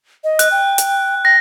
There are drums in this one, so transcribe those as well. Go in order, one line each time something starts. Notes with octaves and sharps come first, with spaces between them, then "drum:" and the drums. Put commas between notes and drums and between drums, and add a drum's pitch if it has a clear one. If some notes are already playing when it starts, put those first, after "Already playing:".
D#5
F#6, drum: hi-hat
G5
drum: hi-hat
G5 A#6